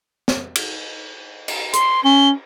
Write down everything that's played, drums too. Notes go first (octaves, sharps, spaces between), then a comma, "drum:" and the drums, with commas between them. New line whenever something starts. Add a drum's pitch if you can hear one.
drum: snare
drum: cymbal
drum: cymbal
C6, drum: hi-hat
C#4 G7